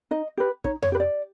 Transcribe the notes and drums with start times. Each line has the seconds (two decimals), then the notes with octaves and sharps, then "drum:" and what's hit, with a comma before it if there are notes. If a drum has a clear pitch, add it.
0.11 D#4 D#5
0.37 G4 B4
0.64 D#4 C#5, drum: kick
0.82 C#5, drum: tom F2
0.92 G4 B4
1.00 D5